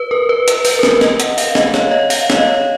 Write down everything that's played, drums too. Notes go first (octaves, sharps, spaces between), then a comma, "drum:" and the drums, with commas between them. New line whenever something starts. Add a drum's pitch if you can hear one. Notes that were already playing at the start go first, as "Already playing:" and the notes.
Already playing: B4
A#4
B4
B4, drum: hi-hat
B4, drum: open hi-hat
A#4
B4, drum: snare
D#5, drum: snare
F#5, drum: hi-hat
F5, drum: open hi-hat
D#5, drum: snare
C#5, drum: snare
D#5
F5, drum: open hi-hat
C#5, drum: snare
D#5